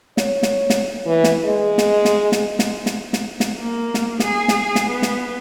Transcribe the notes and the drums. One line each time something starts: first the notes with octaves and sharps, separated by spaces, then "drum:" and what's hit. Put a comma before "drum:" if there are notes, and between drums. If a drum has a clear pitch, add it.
C#5, drum: snare
drum: snare
drum: snare
E3
drum: snare
G#3
drum: snare
drum: snare
drum: snare
drum: snare
drum: snare
drum: snare
drum: snare
A#3
drum: snare
G#4, drum: snare
drum: snare
drum: snare
B3
drum: snare